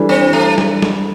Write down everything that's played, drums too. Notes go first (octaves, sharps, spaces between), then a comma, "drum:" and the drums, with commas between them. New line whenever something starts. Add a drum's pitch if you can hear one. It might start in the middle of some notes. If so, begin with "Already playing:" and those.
Already playing: E3 G3 D4 A4
C4
A3
drum: snare
drum: snare